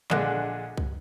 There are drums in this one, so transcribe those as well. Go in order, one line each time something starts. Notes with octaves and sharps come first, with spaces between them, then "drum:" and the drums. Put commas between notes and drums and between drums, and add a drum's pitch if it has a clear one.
A#1 D3 G#3 D4 D#5 F#6, drum: clap
drum: kick